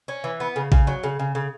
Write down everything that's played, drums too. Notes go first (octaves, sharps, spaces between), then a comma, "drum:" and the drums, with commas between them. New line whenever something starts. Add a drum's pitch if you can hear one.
C#4
E3
B3
C#3
C#3, drum: kick A1
F#3
C#3
C#3
C#3